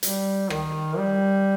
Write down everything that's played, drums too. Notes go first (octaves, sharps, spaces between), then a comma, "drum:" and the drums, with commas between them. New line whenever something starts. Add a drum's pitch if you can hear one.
G3, drum: hi-hat
D#3, drum: rim click
G3